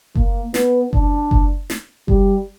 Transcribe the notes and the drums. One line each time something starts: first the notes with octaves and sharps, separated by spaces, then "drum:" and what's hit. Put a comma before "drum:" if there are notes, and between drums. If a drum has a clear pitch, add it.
A#3, drum: kick F#1
B3, drum: snare
D4, drum: kick F#1
drum: kick F#1
drum: snare
G3, drum: kick F#1